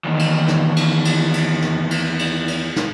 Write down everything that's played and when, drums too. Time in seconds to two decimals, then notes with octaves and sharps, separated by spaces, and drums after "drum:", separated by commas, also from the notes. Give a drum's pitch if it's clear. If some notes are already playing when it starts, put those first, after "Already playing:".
0.05 E2 D#3
0.19 drum: cymbal
0.48 drum: snare
0.76 drum: cymbal
1.05 drum: cymbal
1.33 drum: cymbal
1.62 drum: snare
1.91 drum: cymbal
2.19 drum: cymbal
2.48 drum: cymbal
2.76 drum: snare